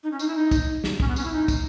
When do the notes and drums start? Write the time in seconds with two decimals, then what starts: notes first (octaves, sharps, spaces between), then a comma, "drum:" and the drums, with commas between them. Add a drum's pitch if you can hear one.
0.03 D#4
0.11 C#4
0.19 D#4, drum: tambourine
0.27 E4
0.35 D#4
0.51 drum: kick, tambourine
0.84 drum: snare
1.00 C#4, drum: kick
1.08 B3
1.16 C#4, drum: tambourine
1.24 E4
1.33 D#4
1.48 drum: kick, tambourine